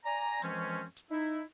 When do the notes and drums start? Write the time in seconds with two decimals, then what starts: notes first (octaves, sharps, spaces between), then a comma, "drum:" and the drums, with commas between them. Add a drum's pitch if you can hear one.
0.05 D5 G#5 A#5
0.42 F#2 E3 F3 G#3 C4 C#4, drum: hi-hat
0.97 drum: hi-hat
1.10 D#4 E4